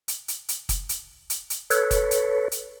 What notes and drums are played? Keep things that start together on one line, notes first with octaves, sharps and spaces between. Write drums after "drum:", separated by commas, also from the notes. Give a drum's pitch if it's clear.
drum: hi-hat
drum: hi-hat
drum: hi-hat
drum: kick, hi-hat
drum: hi-hat
drum: hi-hat
drum: hi-hat
A4 B4 C#5, drum: hi-hat
drum: kick, hi-hat
drum: hi-hat
drum: hi-hat